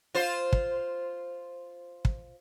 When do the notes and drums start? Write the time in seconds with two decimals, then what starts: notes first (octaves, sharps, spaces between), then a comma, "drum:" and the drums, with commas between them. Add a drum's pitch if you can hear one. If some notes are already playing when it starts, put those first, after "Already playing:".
0.15 F4 C5
0.53 drum: kick
2.05 drum: kick